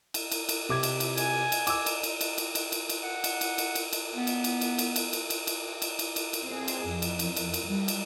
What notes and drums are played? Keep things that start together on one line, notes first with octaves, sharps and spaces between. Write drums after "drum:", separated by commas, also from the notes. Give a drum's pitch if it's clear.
drum: cymbal
drum: cymbal
drum: cymbal
C3 D6 G#6
drum: cymbal
drum: cymbal
G#5, drum: cymbal
drum: cymbal
D6 E6, drum: cymbal
drum: cymbal
drum: cymbal
drum: cymbal
drum: cymbal
drum: cymbal
drum: cymbal
drum: cymbal
F#5
drum: cymbal
drum: cymbal
drum: cymbal
drum: cymbal
drum: cymbal
B3
drum: cymbal
drum: cymbal
drum: cymbal
drum: cymbal
drum: cymbal
drum: cymbal
drum: cymbal
drum: cymbal
drum: cymbal
drum: cymbal
drum: cymbal
drum: cymbal
C4 G#4
drum: cymbal
F2
drum: cymbal
drum: cymbal
drum: cymbal
drum: cymbal
G3
drum: cymbal